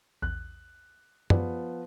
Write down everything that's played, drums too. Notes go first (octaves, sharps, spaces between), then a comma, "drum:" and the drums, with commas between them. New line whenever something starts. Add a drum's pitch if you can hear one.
A#1 E2 F#6
F3 B3 G4 G#4 D5, drum: tom